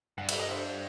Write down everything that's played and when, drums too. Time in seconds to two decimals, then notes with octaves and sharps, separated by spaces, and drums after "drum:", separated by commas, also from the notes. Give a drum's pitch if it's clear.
0.18 G2 F#5
0.29 E5, drum: cymbal
0.39 D#5
0.50 C5 E5